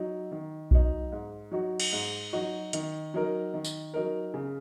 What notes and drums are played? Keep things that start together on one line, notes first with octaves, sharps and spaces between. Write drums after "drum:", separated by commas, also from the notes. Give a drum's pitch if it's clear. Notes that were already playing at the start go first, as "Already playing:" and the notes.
Already playing: F#3 D#4
D#3
F#3 D#4, drum: kick B1
G#2
F#3 D#4 F#4
drum: cymbal
G#2
F#3 D#4 F#4
D#3, drum: hi-hat
F#3 D#4 A#4
D#3
drum: tambourine
F#3 D#4 A#4
C#3